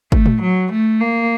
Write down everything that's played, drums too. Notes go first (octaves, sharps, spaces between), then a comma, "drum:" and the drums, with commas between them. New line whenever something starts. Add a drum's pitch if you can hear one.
A3, drum: kick G1
drum: tom A2
F#3
A3
A#3